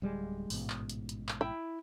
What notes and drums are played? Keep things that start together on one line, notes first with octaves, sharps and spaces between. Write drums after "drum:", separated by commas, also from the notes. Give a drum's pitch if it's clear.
D1 G3 G#3
A1 G#2 B2, drum: open hi-hat
drum: clap
drum: hi-hat
drum: hi-hat
drum: clap
E4 G5